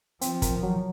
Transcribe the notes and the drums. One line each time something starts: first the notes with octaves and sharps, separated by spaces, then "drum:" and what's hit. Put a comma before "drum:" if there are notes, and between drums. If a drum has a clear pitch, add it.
F3 C4, drum: hi-hat
A#4, drum: kick, hi-hat
F#3